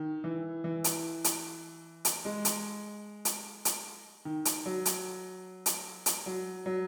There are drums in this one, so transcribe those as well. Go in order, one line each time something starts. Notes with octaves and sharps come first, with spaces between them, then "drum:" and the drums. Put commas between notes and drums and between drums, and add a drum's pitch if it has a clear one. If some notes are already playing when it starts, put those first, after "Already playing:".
Already playing: D#3
E3
E3
drum: hi-hat
drum: hi-hat
drum: hi-hat
G#3
drum: hi-hat
drum: hi-hat
drum: hi-hat
D#3
drum: hi-hat
F#3
drum: hi-hat
drum: hi-hat
drum: hi-hat
F#3
F#3